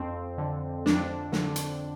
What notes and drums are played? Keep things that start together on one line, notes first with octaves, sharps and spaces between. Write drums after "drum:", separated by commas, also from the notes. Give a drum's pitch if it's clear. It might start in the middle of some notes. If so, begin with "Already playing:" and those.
Already playing: F2 C4
D3
F2 D4, drum: snare
D3, drum: snare
drum: hi-hat